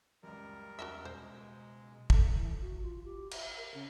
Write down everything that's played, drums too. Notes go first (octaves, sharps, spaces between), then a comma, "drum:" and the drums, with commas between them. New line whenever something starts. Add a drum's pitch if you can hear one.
C#2 F#2 G3 A#4
E2 F#4 D#5 E5
B2 G#3 C5
A4, drum: kick
E3
F#4
F4
G4
E5, drum: cymbal
A#4
C#3